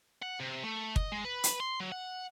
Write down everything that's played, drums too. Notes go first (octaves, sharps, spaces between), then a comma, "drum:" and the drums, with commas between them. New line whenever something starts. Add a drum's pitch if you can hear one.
F#5
C3
A3
D#5, drum: kick
G#3
B4
drum: hi-hat
C6
F#3
F#5